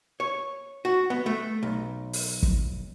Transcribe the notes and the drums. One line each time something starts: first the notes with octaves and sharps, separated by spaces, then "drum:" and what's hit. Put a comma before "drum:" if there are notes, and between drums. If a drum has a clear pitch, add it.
C#5
F#4
B3
A3
B1
drum: open hi-hat
drum: kick